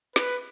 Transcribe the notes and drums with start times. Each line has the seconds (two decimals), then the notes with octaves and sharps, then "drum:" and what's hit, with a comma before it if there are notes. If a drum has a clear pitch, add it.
0.16 B4, drum: snare